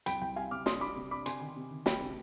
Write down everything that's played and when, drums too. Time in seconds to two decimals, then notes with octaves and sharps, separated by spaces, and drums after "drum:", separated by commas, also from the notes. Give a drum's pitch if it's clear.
0.06 C2 G5 B5, drum: hi-hat
0.21 C2 G5
0.36 G3 F5 G#5
0.51 C3 D6 F6
0.66 D4 C6 D#6, drum: snare
0.81 G3 B5 D6
0.96 C3
1.11 D4 B5 D6
1.26 C3 G#5 C6, drum: hi-hat
1.41 D#3
1.56 C3
1.70 D#3
1.86 G3 G5 B5, drum: snare
2.01 C3